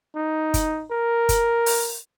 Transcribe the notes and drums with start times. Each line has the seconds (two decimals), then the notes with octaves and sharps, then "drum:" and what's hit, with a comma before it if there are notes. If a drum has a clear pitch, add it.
0.16 D#4
0.54 drum: kick F#1, hi-hat
0.91 A#4
1.29 drum: kick F#1, hi-hat
1.66 drum: open hi-hat